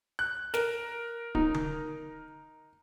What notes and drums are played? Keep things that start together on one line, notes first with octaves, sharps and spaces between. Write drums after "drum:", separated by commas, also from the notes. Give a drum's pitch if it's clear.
F#6
A#4, drum: snare
D#4, drum: kick D1
drum: tom D3